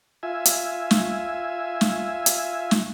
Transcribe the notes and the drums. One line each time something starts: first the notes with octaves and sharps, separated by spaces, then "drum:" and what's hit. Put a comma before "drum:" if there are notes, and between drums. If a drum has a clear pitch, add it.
F4 E5 G#5
drum: hi-hat
drum: snare
drum: snare
drum: hi-hat
drum: snare